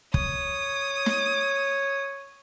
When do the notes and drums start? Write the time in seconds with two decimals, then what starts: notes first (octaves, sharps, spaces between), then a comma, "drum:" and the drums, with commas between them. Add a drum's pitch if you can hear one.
0.14 C#5 D#6, drum: kick
1.06 drum: snare